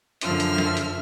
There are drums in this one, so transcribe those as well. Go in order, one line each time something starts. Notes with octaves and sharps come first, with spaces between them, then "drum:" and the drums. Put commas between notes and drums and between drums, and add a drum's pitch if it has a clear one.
F#2 D3 F3 E5 F6, drum: hi-hat
drum: hi-hat
drum: snare
drum: hi-hat